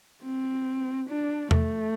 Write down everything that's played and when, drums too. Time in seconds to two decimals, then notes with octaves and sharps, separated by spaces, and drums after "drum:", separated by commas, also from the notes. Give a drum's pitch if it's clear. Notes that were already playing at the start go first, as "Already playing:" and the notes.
0.23 C4
1.09 D4
1.51 A3, drum: tom E2